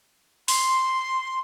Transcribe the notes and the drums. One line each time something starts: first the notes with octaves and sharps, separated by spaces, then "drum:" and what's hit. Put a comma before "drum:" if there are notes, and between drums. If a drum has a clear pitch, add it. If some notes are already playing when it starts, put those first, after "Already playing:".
C6, drum: open hi-hat